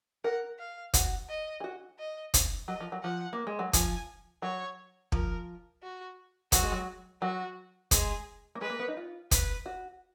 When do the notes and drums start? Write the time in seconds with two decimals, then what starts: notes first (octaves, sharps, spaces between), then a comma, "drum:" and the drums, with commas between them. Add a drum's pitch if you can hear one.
0.24 A#4 F#5
0.59 F5
0.94 F#4, drum: kick, hi-hat
1.30 D#5
1.60 G#4
1.64 F#4
1.99 D#5
2.34 drum: kick, hi-hat
2.68 F#3 D#5
2.80 F3
2.92 F#3
3.03 F3 F#5
3.33 A#3
3.47 G#3
3.59 F#3
3.73 F3 G#5, drum: kick, hi-hat
4.42 F#3 C#5
5.12 F3 A#4, drum: kick
5.83 F#4
6.52 F#3 F#4, drum: kick, hi-hat
6.63 G#3
6.72 F#3
7.22 F#3 F#4
7.91 G#3 G#4, drum: kick, hi-hat
8.55 A#3
8.61 G#3 B4
8.70 A#3
8.80 B3
8.88 D#4
8.97 F4
9.31 B4, drum: kick, hi-hat
9.66 F#4